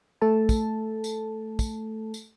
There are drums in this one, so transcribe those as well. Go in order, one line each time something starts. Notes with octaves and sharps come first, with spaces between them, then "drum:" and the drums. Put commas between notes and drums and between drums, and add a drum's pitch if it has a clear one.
A3 A4 A5
drum: kick, tambourine
drum: tambourine
drum: kick, tambourine
drum: tambourine